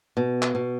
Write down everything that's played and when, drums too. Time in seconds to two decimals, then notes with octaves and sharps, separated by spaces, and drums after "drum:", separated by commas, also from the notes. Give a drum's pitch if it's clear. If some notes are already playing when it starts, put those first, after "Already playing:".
0.17 B2
0.42 drum: clap
0.55 B2